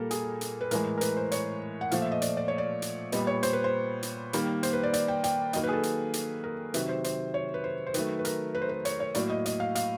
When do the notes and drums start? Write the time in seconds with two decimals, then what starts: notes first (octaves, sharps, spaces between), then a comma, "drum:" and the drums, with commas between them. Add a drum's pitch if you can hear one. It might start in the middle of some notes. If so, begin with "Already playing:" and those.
Already playing: A#2 G3 A#3 A4 A#4
0.11 G#4, drum: hi-hat
0.41 drum: hi-hat
0.61 B4
0.71 A2 E3 G#3 A#4, drum: hi-hat
0.98 A#4
1.01 B4, drum: hi-hat
1.17 C5
1.31 C#5, drum: hi-hat
1.81 F#5
1.91 A#2 F3 A3 F5, drum: hi-hat
2.02 E5
2.12 D#5
2.22 D5, drum: hi-hat
2.37 D5
2.48 C#5
2.58 D5
2.82 drum: hi-hat
3.12 A#2 G3 B3 D#5, drum: hi-hat
3.27 C#5
3.43 C5, drum: hi-hat
3.53 B4
3.64 C5
4.03 drum: hi-hat
4.33 D#3 G3 A#3, drum: hi-hat
4.63 C5, drum: hi-hat
4.73 B4
4.83 D5
4.93 D5, drum: hi-hat
5.08 G5
5.24 G5, drum: hi-hat
5.53 D#3 F#3 A#3 D#5, drum: hi-hat
5.64 B4
5.68 G#4
5.73 A4
5.83 drum: hi-hat
6.13 drum: hi-hat
6.44 A#4
6.74 C3 D#3 F#3 B4, drum: hi-hat
6.89 C5
7.04 C5, drum: hi-hat
7.34 C#5
7.54 B4
7.64 C5
7.87 C5
7.94 D#3 F#3 A3 B4, drum: hi-hat
8.19 B4
8.25 A#4, drum: hi-hat
8.55 B4
8.62 C5
8.69 B4
8.85 C#5, drum: hi-hat
9.00 C#5
9.15 A2 F#3 A#3 D5, drum: hi-hat
9.30 D#5
9.46 D#5, drum: hi-hat
9.60 F5
9.75 F5, drum: hi-hat